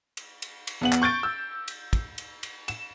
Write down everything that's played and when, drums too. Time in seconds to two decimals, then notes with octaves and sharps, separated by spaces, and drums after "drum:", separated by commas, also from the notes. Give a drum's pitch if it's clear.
0.17 drum: cymbal
0.42 drum: cymbal
0.67 drum: cymbal
0.81 E2 B3 F#7
0.92 drum: clap
1.02 C#6 G6 A6 D7
1.23 E6
1.68 drum: cymbal
1.93 drum: kick, cymbal
2.18 drum: cymbal
2.43 drum: cymbal
2.68 E7, drum: cymbal